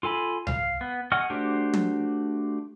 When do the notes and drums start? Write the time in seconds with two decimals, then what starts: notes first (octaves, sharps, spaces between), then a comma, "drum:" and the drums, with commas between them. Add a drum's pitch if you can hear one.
0.03 F4 A4 G#5 B5
0.47 F5, drum: tom C2
0.81 B3
1.12 G#4 D#5 F#5 C#6 F6
1.30 A3 D4 F#4 G4 C5
1.73 drum: tom